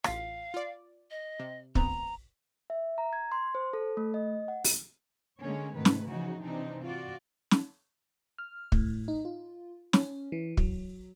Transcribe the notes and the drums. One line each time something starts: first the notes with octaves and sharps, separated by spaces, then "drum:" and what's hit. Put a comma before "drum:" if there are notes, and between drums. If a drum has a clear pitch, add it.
A1 F4 F5 B6, drum: rim click
F4 D5
D#5
C3
D2 B3 C4 A#5, drum: kick
E5
A#5
G#6
C6
C5
A4
A3
D#5
F#5
drum: open hi-hat
D3 G#3 A#3 C#4 C#5
G#2 C3 D#3 A3 B4
drum: snare
C#3 E3 F3 D#4 F#4
C3 E3 C4 D4 D#4
F4 F#4 D5
drum: snare
F6
A2, drum: kick
D#4
F4
C#4, drum: snare
E3
F#3, drum: kick